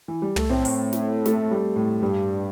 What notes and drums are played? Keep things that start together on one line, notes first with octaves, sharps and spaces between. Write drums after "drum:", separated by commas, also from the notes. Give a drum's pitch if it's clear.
E3
G3
A3, drum: tom
A2 C4
drum: open hi-hat
drum: snare
A3, drum: snare
G3
A2
G2 G3